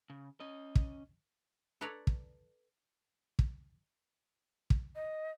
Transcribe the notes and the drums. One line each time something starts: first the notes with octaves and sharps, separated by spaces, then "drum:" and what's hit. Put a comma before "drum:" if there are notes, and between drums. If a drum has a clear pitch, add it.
C#3
C#4 D#5
drum: kick
A4 B4 C#5 D5 A#5
drum: kick
drum: kick
drum: kick
D#5